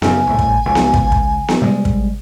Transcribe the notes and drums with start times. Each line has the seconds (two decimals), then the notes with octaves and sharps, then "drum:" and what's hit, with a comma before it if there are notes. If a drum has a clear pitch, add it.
0.02 F#2 C#3 G#5, drum: snare B3
0.27 C2 A2
0.39 drum: kick
0.66 C#2
0.75 drum: snare B3
0.94 drum: kick
1.12 drum: kick
1.48 drum: snare B3
1.62 C3 G3 G#3
1.85 drum: kick